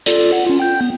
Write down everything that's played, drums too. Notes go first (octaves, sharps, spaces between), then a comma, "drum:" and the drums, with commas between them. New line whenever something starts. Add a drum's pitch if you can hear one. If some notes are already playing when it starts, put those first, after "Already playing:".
F4 A4 D5, drum: hi-hat
F#5
C#4 F4
G5 G6
B3